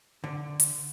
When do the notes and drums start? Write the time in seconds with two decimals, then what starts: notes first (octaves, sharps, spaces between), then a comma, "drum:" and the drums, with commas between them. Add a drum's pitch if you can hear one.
0.24 D3
0.60 drum: hi-hat